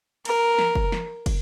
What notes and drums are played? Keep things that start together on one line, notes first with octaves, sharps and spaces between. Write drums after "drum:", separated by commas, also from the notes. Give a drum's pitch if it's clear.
A#4, drum: cymbal
drum: snare
drum: kick
drum: snare
drum: kick, cymbal